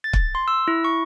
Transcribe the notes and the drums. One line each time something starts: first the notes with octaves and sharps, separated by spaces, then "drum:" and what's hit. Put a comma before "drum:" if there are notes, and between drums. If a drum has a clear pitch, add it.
A6
drum: kick
C6
E6
E4
C#6